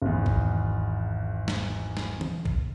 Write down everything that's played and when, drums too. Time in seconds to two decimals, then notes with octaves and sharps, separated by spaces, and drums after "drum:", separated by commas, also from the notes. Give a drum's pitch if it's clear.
0.02 G#1 E2
0.26 drum: kick A#1
1.48 drum: snare
1.97 drum: snare
2.21 drum: tom
2.45 drum: kick A#1